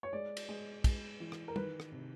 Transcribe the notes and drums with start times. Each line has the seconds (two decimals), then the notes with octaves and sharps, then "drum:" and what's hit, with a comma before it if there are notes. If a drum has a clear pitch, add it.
0.03 C#5
0.13 G#3 D5
0.37 drum: cymbal
0.49 G#3
0.84 G#3, drum: kick, cymbal
1.20 E3
1.32 drum: rim click
1.48 A#4
1.56 D#3 B4, drum: tom
1.80 drum: rim click
1.92 C3